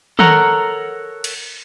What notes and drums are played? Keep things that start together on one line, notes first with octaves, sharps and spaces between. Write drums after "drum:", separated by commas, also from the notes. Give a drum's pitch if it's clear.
A4 A#4 C#5 F#5 A#5, drum: tom D#3
drum: cymbal